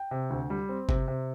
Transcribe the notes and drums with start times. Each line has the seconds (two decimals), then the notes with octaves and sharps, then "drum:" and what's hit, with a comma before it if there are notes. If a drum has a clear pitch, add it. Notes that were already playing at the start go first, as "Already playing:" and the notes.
Already playing: G5
0.11 C3
0.30 D2
0.50 G3
0.69 C4
0.89 C3, drum: kick G1
1.08 C3